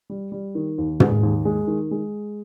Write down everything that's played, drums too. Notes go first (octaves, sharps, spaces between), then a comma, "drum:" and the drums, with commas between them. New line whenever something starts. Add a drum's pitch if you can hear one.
G3
G3
D#3
D#2
G#3, drum: tom
D#2
G#3
D#3
G#3